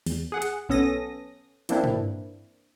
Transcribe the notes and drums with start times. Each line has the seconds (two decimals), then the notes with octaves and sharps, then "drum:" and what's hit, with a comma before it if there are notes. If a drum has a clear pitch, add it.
0.06 E2, drum: open hi-hat
0.32 G#4 F#5
0.42 drum: hi-hat
0.69 B1 B3 C#4 A4 D#6 A#6
1.69 E3 A#3 C4 D4 E4, drum: hi-hat
1.84 drum: tom